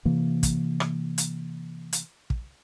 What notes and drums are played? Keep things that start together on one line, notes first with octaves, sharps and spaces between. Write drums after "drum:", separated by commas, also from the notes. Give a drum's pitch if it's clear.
C3 E3 A#3
drum: kick, hi-hat
drum: rim click
drum: hi-hat
drum: hi-hat
drum: kick